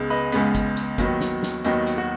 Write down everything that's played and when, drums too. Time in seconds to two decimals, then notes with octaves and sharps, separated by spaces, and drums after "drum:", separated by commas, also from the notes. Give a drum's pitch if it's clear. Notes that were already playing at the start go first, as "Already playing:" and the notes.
Already playing: C#2 C#3 G#3 B3
0.10 B4 D#5
0.32 C#2 C#3 G#3 B3, drum: hi-hat
0.55 drum: kick, hi-hat
0.77 drum: hi-hat
0.98 D#2 D#3 F#3 B3, drum: kick, hi-hat
1.21 drum: snare
1.43 drum: snare
1.64 D#2 D#3 F#3 B3 D#4, drum: hi-hat
1.87 drum: hi-hat
1.98 F#4